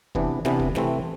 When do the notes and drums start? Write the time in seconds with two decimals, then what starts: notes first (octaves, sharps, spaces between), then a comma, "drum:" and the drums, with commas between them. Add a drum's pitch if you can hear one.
0.15 C3 E3 B3 D4, drum: kick
0.45 C3 E3 B3 D4, drum: snare
0.60 drum: kick
0.75 C3 E3 A3 C4, drum: snare